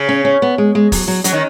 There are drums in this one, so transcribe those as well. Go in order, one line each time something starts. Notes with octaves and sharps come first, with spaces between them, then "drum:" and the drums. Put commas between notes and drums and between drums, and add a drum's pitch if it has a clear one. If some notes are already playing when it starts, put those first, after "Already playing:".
Already playing: C#3
C#4
C#4
B3
G#3
G#3
F#3, drum: kick, open hi-hat
F#3
F#3 C#4, drum: hi-hat
D#3